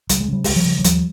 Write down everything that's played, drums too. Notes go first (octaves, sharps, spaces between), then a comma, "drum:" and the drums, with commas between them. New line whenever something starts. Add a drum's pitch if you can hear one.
C#2 G3, drum: hi-hat
G#3
C#3 G3
C#2 G#3, drum: open hi-hat
F3 G3
C#3
F#3
D#2 F3 G3, drum: hi-hat